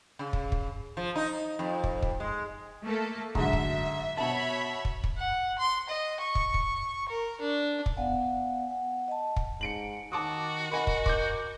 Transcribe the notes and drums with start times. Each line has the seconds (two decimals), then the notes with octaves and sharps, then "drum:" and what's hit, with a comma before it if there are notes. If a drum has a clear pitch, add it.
0.19 C#3
0.33 drum: kick
0.52 drum: kick
0.97 F3
1.16 D#4
1.59 F2
1.84 drum: kick
2.02 drum: kick
2.20 G#3
2.83 A3 A#3 A4
3.35 G#2 D3 F#3 E5, drum: kick
3.53 drum: kick
4.17 B2 C#5 E5 A5 B5
4.85 drum: kick
5.04 drum: kick
5.17 F#5
5.59 C6
5.89 D#5
6.20 C#6
6.35 drum: kick
6.54 drum: kick
7.09 A#4
7.41 D4
7.86 drum: kick
7.97 B3 D5 F5 F#5 G#5
8.71 F#5
9.08 D#5 A5
9.36 drum: kick
9.61 G#2 C#7 D7 F#7
10.12 D#3 F#4 A5 D6 D#6
10.72 A#4 D#5 F#5 G#5 B5
10.87 drum: kick
11.06 D6 G6, drum: kick